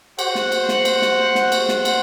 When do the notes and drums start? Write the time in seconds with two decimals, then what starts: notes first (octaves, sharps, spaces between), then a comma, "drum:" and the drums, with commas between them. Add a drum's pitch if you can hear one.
0.19 F#4 C5 F#5, drum: cymbal
0.35 drum: snare
0.52 drum: cymbal
0.69 drum: snare
0.85 drum: cymbal
1.02 drum: snare
1.35 drum: snare
1.52 drum: cymbal
1.69 drum: snare
1.85 drum: cymbal